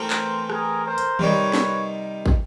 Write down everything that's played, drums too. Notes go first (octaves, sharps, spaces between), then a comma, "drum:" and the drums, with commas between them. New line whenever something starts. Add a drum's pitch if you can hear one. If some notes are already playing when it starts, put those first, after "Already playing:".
Already playing: E3 A3 C4 A#4 C5
drum: clap
G#4 A#4, drum: rim click
A#4 C5
drum: hi-hat
C3 D#3 G3 B4 C#5, drum: tom D#3
drum: snare
drum: kick